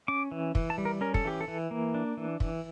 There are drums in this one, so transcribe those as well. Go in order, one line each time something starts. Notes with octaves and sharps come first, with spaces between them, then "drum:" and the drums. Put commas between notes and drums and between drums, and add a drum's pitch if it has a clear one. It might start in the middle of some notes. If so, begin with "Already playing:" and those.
C#4 D6
E3
E3, drum: kick
A5
G3
A#4
C#4 A#4
A4, drum: kick
E3 G4
A4
E3
A#3
D4
E3
E3, drum: kick